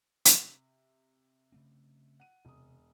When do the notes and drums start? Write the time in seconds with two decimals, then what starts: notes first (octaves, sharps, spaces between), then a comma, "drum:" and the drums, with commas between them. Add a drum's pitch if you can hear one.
0.25 C3, drum: hi-hat
1.52 C#3 A3 C4
2.20 F#5 D#7
2.45 E1 D2 C3 D#6